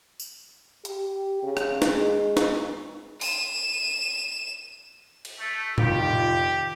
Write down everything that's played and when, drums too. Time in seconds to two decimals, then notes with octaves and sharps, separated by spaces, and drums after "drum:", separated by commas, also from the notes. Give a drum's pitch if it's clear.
0.20 drum: tambourine
0.85 G4, drum: hi-hat
1.43 C#3
1.57 drum: rim click
1.82 G#3, drum: snare
2.37 drum: snare
3.21 D#7 E7, drum: open hi-hat
5.25 drum: cymbal
5.39 A3
5.78 F1 D#3 F4 G4, drum: tom A2